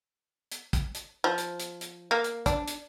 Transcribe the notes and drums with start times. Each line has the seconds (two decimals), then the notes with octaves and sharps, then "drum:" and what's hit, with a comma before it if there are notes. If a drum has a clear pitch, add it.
0.52 drum: hi-hat
0.73 drum: kick, hi-hat
0.95 drum: hi-hat
1.24 F3
1.38 drum: hi-hat
1.60 drum: hi-hat
1.81 drum: hi-hat
2.11 A#3
2.24 drum: hi-hat
2.46 D4, drum: kick, hi-hat
2.68 drum: hi-hat